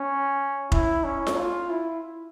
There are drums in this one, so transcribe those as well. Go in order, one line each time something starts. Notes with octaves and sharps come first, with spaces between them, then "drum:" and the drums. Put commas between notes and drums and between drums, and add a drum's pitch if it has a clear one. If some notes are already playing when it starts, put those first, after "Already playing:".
Already playing: C#4
E4, drum: kick F1
C#4
drum: snare F4
F4
E4